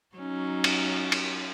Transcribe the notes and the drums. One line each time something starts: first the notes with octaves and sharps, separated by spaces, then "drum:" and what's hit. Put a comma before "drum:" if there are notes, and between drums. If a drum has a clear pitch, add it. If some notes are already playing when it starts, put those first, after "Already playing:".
F#3 C#4 D#4
drum: cymbal
drum: cymbal